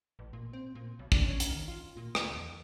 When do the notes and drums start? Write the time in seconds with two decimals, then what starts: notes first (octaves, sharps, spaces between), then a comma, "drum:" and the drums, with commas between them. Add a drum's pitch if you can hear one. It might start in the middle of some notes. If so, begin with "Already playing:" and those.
0.19 A1
0.33 A#2
0.53 C4
0.75 A#2
0.99 B1
1.12 D4, drum: kick
1.26 C#4
1.40 drum: hi-hat
1.49 D#3
1.68 F4
1.97 A#2
2.15 D2, drum: rim click
2.34 E2